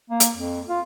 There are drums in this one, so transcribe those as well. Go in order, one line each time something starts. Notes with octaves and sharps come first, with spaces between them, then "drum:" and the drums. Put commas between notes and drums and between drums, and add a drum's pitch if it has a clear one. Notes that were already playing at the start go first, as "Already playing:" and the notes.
A#3
drum: hi-hat
F2
F4